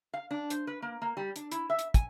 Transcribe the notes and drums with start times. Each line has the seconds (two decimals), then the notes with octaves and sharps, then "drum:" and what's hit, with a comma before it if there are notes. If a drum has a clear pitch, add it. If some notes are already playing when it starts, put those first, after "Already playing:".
0.14 F5
0.31 D4
0.50 C5, drum: hi-hat
0.67 B4
0.82 A#3
1.02 A#3
1.17 G3
1.36 D4, drum: hi-hat
1.51 E4, drum: hi-hat
1.70 E5
1.79 drum: hi-hat
1.94 G#5, drum: kick, hi-hat